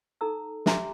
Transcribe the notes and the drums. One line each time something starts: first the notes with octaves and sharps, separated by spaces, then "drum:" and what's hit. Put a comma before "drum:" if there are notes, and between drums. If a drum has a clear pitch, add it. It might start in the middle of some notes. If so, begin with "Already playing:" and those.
D#4 A4 A#5 E6
G4 E5 G#5 A#5 C6 D6, drum: snare